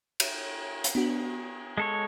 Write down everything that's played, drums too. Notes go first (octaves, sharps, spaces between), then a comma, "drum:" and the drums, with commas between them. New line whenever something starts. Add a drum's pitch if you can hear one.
drum: cymbal
drum: hi-hat
B3 D4 F#4
G#3 A4 C#5